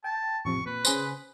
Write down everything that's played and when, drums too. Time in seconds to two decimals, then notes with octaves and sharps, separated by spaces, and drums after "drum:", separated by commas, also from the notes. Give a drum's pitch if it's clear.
0.04 G5 A5
0.45 A1 F2 C3 C#6
0.66 A#2 B4
0.85 C#3 G#4 C5, drum: tambourine